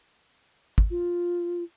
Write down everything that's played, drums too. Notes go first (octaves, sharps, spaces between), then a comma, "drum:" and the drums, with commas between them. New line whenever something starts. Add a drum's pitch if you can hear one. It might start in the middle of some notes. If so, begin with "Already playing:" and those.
drum: kick
F4